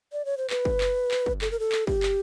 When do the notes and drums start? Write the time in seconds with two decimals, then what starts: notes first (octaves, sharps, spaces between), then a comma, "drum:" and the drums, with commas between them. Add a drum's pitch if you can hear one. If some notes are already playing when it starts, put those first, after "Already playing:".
0.13 D5
0.25 C#5
0.37 C5
0.50 B4, drum: clap
0.65 drum: kick
0.81 drum: clap
1.11 drum: clap
1.26 drum: kick
1.41 A4, drum: clap
1.51 A#4
1.59 A4
1.72 drum: clap
1.87 G4, drum: kick
2.03 drum: clap